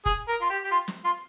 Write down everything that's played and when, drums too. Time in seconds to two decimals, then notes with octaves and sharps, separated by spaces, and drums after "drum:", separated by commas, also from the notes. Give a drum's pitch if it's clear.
0.06 G#4, drum: kick F1
0.28 A#4
0.41 F4
0.50 G4
0.64 G4
0.71 F4
0.88 drum: snare
1.05 F4